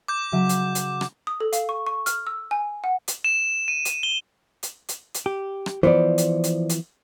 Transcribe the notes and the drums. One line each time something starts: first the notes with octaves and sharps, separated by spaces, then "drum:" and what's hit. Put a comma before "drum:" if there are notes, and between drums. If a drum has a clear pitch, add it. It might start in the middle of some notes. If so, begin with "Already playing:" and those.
D6 G6
C#3 F#3 E5
drum: hi-hat
drum: hi-hat
drum: rim click
D#6
A4
F5, drum: hi-hat
C#6
C#6
F6, drum: hi-hat
E6
G#5
F#5
drum: hi-hat
E7
D#7
drum: hi-hat
G7
drum: hi-hat
drum: hi-hat
drum: hi-hat
G4
drum: rim click
E3 F3 B3 C5 D5
drum: hi-hat
drum: hi-hat
drum: hi-hat